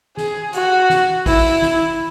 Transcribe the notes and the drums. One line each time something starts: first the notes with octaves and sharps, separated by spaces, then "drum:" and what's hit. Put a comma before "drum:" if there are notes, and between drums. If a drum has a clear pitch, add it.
G#4, drum: snare
F#4, drum: hi-hat
drum: snare
E4, drum: kick A1, open hi-hat
drum: snare